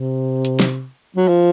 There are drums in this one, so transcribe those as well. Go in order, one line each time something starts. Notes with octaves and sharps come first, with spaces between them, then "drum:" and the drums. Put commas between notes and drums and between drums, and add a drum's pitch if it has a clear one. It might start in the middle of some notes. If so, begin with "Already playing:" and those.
Already playing: C3
drum: hi-hat
drum: snare
F#3
F3